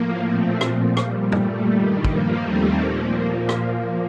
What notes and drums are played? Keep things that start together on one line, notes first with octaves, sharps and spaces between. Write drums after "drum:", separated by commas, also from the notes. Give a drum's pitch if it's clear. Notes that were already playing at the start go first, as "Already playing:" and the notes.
Already playing: A2 F3 A#3
A#2 F3 A3 C4
A#2 F3, drum: rim click
A#2 G3, drum: rim click
A#2 G3 A3, drum: tom
G2 D#3 G3
G2 F3 A#3, drum: kick
D#2 D#3 G3 A3 C4
A#2 F3 A#3
drum: rim click